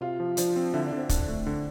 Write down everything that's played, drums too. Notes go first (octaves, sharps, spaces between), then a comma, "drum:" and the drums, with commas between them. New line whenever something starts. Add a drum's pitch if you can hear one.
C3 F4
F3
F3 D4, drum: hi-hat
C4
D3 E4
D4
D3
C4
D4, drum: kick, hi-hat
A3
D3